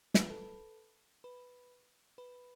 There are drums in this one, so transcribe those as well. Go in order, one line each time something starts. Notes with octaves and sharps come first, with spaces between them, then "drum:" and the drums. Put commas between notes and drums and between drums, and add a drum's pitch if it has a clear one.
B4 B5, drum: snare
A4 A5
B4 B5
B4 B5